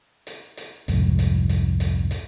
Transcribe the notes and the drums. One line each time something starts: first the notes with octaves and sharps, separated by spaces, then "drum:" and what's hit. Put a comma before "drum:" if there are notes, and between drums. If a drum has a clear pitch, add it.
drum: hi-hat
drum: hi-hat
C2 F2 G#2, drum: hi-hat
drum: hi-hat
drum: hi-hat
drum: hi-hat
drum: hi-hat